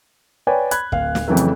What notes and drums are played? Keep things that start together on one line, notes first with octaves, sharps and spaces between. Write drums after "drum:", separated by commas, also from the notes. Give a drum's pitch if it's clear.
B4 C#5 D5 G5 G#5
B5 F#6 G#6, drum: hi-hat
D1 F5, drum: kick
drum: snare
F2 C#3 E3 F#3 A3
drum: hi-hat